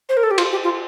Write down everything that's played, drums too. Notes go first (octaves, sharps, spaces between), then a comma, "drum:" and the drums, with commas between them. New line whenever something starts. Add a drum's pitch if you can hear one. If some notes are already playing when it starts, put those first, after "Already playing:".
C5
A#4
A4
G4
F4, drum: cymbal
G4
F4